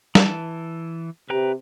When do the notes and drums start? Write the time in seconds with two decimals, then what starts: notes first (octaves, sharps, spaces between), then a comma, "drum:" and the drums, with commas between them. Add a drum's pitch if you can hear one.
0.15 E3 A5, drum: snare G3
1.30 C3 B4 G5 A#5